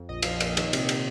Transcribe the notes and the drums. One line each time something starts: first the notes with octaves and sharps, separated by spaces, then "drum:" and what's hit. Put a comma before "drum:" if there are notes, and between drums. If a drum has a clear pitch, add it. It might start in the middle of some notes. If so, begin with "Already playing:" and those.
Already playing: F2
A#1 D#5
F3 F5, drum: cymbal
D#5
A#2, drum: cymbal
D#3, drum: cymbal
C3, drum: cymbal
drum: cymbal